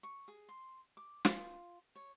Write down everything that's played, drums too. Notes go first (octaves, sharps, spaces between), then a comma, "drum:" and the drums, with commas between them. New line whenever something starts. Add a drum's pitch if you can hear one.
C#6
G#4
C6
D6
F4, drum: snare
C#5